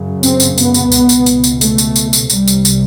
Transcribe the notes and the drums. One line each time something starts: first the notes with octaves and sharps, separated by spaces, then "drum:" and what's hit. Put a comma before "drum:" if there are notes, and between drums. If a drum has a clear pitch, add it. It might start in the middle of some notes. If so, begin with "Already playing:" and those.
Already playing: F#2 C#3
C4, drum: tambourine
drum: tambourine
B3, drum: tambourine
drum: tambourine
C#2 B2, drum: tambourine
drum: tambourine
drum: tambourine
drum: tambourine
A3, drum: tambourine
drum: tambourine
drum: tambourine
drum: tambourine
C2 C3 G3, drum: tambourine
drum: tambourine
drum: tambourine